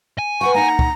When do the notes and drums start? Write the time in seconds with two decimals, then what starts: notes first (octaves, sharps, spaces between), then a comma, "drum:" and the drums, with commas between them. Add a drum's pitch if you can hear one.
0.19 G#5
0.41 B4 F#5 G5 C#6
0.54 A#3 D#4 F#5 A#5
0.79 drum: kick